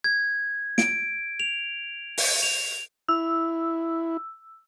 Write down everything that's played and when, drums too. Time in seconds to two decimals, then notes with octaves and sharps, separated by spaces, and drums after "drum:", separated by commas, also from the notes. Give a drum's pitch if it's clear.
0.04 G#6
0.78 D7, drum: snare
1.40 F7
2.18 drum: open hi-hat
2.43 F7
3.09 E4 E6